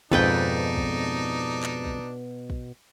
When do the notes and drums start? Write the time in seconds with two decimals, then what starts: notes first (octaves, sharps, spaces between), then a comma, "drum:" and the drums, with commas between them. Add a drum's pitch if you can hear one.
0.12 F2 G#2 B2 D4 D#4 A4 B4 G5, drum: kick
0.77 drum: kick
1.63 drum: clap
1.85 drum: kick
2.50 drum: kick